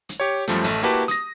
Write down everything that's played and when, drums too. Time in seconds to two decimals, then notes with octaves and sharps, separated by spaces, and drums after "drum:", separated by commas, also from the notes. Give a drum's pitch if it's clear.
0.09 drum: hi-hat
0.20 G4 C#5
0.48 F#2 F3 G3 A3, drum: hi-hat
0.64 A1 A3, drum: hi-hat
0.83 A#3 E4 F#4 G4 B4 A5
1.08 D#6 A#6, drum: hi-hat